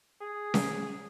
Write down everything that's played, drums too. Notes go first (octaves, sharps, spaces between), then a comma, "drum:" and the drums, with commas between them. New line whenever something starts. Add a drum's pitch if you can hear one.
G#4
drum: snare C#4